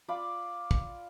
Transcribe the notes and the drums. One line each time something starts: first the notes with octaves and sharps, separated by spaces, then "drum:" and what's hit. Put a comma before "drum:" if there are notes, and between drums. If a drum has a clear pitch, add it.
F4 D5 B5 D6
drum: kick